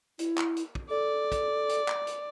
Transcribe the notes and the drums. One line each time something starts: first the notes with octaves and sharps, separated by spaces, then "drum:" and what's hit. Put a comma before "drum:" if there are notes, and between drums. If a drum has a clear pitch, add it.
E4, drum: hi-hat
drum: clap
drum: hi-hat
drum: kick
A4 D5
drum: kick, hi-hat
drum: hi-hat
drum: clap
drum: hi-hat